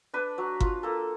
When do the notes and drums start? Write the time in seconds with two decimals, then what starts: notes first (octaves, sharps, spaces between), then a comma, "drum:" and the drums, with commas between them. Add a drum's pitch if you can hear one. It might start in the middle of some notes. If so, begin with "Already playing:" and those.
0.14 D4 B4
0.38 F#3
0.60 F4, drum: kick G1
0.83 A#3 A4